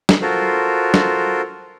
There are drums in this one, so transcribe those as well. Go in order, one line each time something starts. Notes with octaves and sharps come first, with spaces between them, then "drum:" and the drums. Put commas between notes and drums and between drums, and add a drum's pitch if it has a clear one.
drum: snare
F4 F#4 A4 A#4 C5
drum: snare